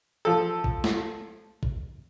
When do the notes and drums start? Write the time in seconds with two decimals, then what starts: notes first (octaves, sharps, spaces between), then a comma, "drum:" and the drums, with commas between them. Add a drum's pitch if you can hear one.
0.25 F3 A4
0.64 drum: kick A1
0.84 drum: snare
1.63 drum: kick A1